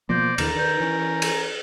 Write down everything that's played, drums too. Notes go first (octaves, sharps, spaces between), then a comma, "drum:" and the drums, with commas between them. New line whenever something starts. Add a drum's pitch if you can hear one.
B2 F3 A#3 C5 D5 G6 A#6
D#2 D3 E3 A#4, drum: cymbal
D#3 B4 D5 G6
E3 C#4
drum: cymbal